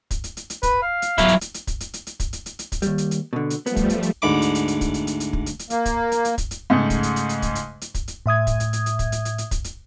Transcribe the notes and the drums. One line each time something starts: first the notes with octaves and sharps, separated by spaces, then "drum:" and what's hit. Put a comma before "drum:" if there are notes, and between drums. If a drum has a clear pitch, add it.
drum: kick, hi-hat
drum: hi-hat
drum: hi-hat
drum: hi-hat
B4, drum: kick, hi-hat
F5
drum: hi-hat
F#3 E4, drum: kick, hi-hat
drum: hi-hat
drum: hi-hat
drum: hi-hat
drum: kick, hi-hat
drum: hi-hat
drum: hi-hat
drum: hi-hat
drum: kick, hi-hat
drum: hi-hat
drum: hi-hat
drum: hi-hat
drum: kick, hi-hat
D#2 G3, drum: hi-hat
drum: hi-hat
drum: hi-hat
B2 D3
drum: hi-hat
F3 G3 A3 B3, drum: hi-hat
drum: kick, hi-hat
drum: hi-hat
drum: hi-hat
D2 G#2 B5 D6
drum: hi-hat
drum: hi-hat
drum: hi-hat
drum: kick, hi-hat
drum: hi-hat
drum: hi-hat
drum: hi-hat
drum: kick
drum: hi-hat
drum: hi-hat
A#3, drum: hi-hat
drum: kick, hi-hat
drum: hi-hat
drum: hi-hat
drum: kick, hi-hat
drum: hi-hat
G#2 C#3 A3
drum: kick, hi-hat
drum: hi-hat
drum: hi-hat
drum: hi-hat
drum: kick, hi-hat
drum: hi-hat
drum: hi-hat
drum: kick, hi-hat
drum: hi-hat
A2 E5 D#6 G#6
drum: kick, hi-hat
drum: hi-hat
drum: hi-hat
drum: hi-hat
drum: kick, hi-hat
drum: hi-hat
drum: hi-hat
drum: hi-hat
drum: kick, hi-hat
drum: hi-hat